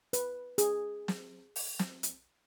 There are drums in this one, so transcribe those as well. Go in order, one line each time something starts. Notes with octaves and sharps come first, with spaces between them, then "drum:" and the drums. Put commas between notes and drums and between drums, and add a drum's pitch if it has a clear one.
B4, drum: hi-hat
G#4, drum: hi-hat
drum: snare
drum: open hi-hat
drum: snare
drum: hi-hat